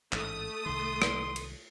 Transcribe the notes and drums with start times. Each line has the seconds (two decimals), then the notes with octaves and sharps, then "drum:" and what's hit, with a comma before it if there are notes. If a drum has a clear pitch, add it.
0.12 A1 G#2 A3 D#6, drum: clap
0.66 C2 D#3 C6
1.02 drum: rim click
1.36 drum: cymbal